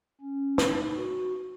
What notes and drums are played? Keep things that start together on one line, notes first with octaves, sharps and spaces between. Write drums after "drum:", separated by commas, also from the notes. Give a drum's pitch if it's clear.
C#4
D#4, drum: snare
F#4